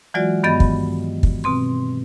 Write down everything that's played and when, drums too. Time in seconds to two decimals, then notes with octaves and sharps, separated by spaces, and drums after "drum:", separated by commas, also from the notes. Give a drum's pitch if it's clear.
0.14 E3 F#3 G#3 F4 F#4 D5
0.44 G2 D#3 B3 D#5 B5 A6
0.60 drum: kick
1.23 drum: kick
1.44 B2 C4 C6